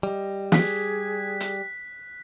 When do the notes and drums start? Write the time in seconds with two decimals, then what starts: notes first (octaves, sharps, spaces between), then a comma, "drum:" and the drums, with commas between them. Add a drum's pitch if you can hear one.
0.03 G3 D#5
0.52 G#4 F#6 B6, drum: snare
1.40 drum: hi-hat